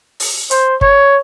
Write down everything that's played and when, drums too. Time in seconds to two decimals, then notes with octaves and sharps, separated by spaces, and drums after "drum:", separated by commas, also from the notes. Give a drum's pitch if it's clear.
0.20 drum: open hi-hat
0.51 C5, drum: hi-hat
0.81 C#5, drum: kick